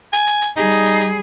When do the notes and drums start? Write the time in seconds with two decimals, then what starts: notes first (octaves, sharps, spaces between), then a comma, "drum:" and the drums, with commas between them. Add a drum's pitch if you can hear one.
0.13 G#5, drum: hi-hat
0.27 drum: hi-hat
0.42 drum: hi-hat
0.57 G3 D#4 G#4
0.71 drum: hi-hat
0.86 drum: hi-hat
1.01 drum: hi-hat